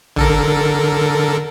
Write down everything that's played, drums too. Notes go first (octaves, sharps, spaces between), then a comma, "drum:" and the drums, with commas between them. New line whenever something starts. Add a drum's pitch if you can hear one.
D3 A4 A#4, drum: tom